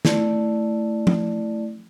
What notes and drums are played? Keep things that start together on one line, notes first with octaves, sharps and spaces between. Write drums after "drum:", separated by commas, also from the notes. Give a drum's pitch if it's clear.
A3 E4 D5, drum: snare
drum: tom F3